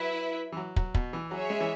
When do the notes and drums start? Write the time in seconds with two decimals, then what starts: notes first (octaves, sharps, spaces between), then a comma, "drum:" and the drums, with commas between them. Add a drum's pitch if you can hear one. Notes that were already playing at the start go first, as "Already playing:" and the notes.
Already playing: F#3 E4 B4 E5
0.52 E3
0.57 F#3
0.76 F#3, drum: kick
0.94 B2, drum: kick
1.13 E3
1.31 F#3 G#4 C#5 E5
1.50 G#3
1.60 E3